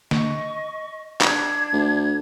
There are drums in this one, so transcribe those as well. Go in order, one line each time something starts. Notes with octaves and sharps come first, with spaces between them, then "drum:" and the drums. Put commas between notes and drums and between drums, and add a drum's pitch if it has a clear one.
D#5 C#6, drum: snare
D4 G#6, drum: clap
D2